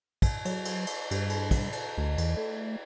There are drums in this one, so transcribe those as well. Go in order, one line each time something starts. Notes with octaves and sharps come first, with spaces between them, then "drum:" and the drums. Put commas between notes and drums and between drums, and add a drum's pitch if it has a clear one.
drum: kick, cymbal
F#3, drum: cymbal
drum: cymbal
drum: cymbal
G2, drum: cymbal
drum: cymbal
drum: kick, cymbal
drum: cymbal
D2
E2, drum: cymbal
A3